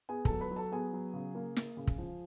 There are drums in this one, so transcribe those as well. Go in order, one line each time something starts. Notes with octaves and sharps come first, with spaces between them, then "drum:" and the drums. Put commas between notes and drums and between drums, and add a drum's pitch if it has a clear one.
B3 G#4 G#5
A4 A5, drum: kick
F#3
B4 B5
F#3
A4 A5
B3 G#4 G#5
F#3
C#3
A#3
A#3, drum: snare
C#3
drum: kick
F3